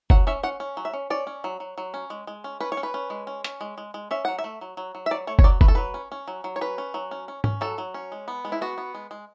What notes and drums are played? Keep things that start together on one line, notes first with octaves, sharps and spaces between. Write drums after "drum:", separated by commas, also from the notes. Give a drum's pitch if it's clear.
F#3 F#5, drum: kick
C#4 E5
C#4 F#5
C#4
F#3
E5
C#4
C#4 D5
C#4
F#3
F#3
F#3
C#4
G#3
G#3
C#4
C#4 B4
C#5
C#4
B4
C#4
G#3
C#4
C#4, drum: hi-hat
G#3
G#3
G#3
C#4 E5
F#3 F#5
E5
A3
F#3
F#3
F#3
E5
F#3 D5
A3 C#5
C#5, drum: kick
F#3 D5
A3 B4, drum: kick
A4
F#3 B4
C#4
C#4
F#3
F#3
C#5
C#4 B4
C#4
F#3
C#4
C#4
C#4, drum: tom G#2
F#3 A4
F#3
C#4
G#3
B3
G#3
E4
B3 F#4
B3
G#3
G#3